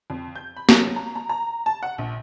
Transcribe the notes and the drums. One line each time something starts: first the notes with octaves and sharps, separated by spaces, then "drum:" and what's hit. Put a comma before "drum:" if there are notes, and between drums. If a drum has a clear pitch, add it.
F2
G6
B5
F#3, drum: snare
A#5
A#5
A#5
A5
F#5
A#1